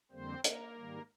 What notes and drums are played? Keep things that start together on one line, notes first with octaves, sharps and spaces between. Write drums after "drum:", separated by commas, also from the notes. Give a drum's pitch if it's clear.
F2 D3 G3 A#3 C4 C5
A#3 A#4, drum: hi-hat
G#2 D#3 G3